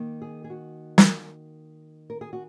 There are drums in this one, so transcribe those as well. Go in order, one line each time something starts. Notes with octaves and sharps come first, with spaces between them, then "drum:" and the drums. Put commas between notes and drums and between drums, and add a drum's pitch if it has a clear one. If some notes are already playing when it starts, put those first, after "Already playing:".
Already playing: D#3 A#3
G#4
G#4
F#4
drum: snare
A#4
G#4
F#4